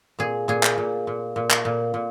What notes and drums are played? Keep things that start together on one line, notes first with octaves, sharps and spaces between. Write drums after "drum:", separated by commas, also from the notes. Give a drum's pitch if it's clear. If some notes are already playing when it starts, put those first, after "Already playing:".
A#2 G#4
A#2 G#4
drum: clap
A#2
A#2
A#2
drum: clap
A#2
A#2